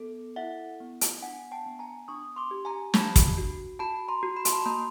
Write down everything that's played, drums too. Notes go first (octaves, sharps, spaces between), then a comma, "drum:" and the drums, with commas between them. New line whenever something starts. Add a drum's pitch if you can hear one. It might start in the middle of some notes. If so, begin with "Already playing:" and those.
Already playing: B3 A4
E4 E5 F#5
B3
drum: hi-hat
D4 F#5 G#5
G5 A5
B3
G#5 A#5
D4 C#6 D#6
C6 D6
G4
G#5 A#5
D4 A5 B5, drum: snare
drum: kick, hi-hat
F#4
F#4 A5 B5
A#5 C6
F#4
B5
C6, drum: hi-hat
A5 B5
A#3 A#5 C6